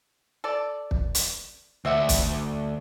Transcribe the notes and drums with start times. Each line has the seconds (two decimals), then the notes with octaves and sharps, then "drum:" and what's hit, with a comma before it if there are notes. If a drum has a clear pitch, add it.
0.44 A4 D5
0.91 drum: kick
1.15 drum: hi-hat
1.85 D2 C4 E5 F#5
2.09 drum: kick, hi-hat